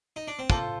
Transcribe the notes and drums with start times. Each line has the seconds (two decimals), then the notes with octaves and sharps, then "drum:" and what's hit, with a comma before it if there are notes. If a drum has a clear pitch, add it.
0.16 D#4
0.28 D4
0.39 C4
0.50 A#3 F4 A4 C5, drum: kick